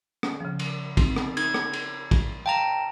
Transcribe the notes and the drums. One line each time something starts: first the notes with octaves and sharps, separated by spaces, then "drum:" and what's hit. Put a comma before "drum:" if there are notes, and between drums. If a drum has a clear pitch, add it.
C#4, drum: rim click
C#3 F3
drum: cymbal
C4 D#4, drum: kick, cymbal
drum: rim click
D#4 G#6, drum: cymbal
drum: rim click
drum: cymbal
drum: kick, cymbal
F5 G5 A5 A#5